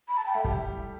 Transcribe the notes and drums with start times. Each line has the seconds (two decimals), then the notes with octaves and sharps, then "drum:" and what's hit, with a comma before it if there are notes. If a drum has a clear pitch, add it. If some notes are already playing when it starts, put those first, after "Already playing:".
0.08 B5
0.17 A5
0.26 G5
0.35 A3 A4 E5
0.44 G3 G4, drum: kick